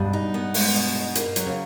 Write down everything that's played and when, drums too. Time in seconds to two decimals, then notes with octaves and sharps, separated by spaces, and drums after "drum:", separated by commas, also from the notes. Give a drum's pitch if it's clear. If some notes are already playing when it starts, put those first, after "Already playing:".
Already playing: G2 B2 G3
0.13 D#4
0.34 B3
0.54 G#3, drum: open hi-hat
0.74 B2
0.95 D#4
1.15 A#3, drum: hi-hat
1.36 F#3, drum: hi-hat
1.46 C#3 C#4